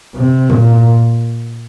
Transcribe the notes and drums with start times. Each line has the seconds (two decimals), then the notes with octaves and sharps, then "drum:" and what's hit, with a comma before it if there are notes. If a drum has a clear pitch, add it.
0.15 C3
0.49 A#2, drum: tom